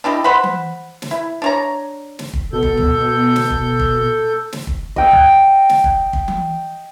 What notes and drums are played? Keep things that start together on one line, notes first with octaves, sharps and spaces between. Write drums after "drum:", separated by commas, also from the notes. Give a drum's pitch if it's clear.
D4 E4 G4 D#5
C5 F#5 B5
drum: tom E3
drum: snare
E4
D4 C#5 A#5
drum: snare
drum: kick
B2 A4 G6
drum: kick
drum: tom
drum: snare
drum: kick
drum: kick
drum: snare
drum: kick
D#5 G5 E6, drum: kick
drum: tom
drum: snare
drum: kick
drum: kick
drum: tom E3